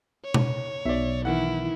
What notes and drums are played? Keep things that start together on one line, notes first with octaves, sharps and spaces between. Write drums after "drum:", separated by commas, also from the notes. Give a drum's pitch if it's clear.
C#5
drum: tom B2
B1 D5 E5
D#3 E3 E4 F#5